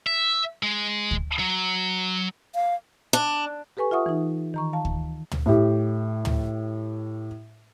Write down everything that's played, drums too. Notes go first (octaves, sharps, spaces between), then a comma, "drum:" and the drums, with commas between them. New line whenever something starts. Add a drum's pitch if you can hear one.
E5
G#3
drum: kick
F#3
F5
D4
G4 A4 B4 G#5 C#6
F4 E5 F#5 C#6 D#6
E3 D#4
D#3 A#5 C#6
F5 A5
drum: kick
drum: tom
A2 G4
drum: tom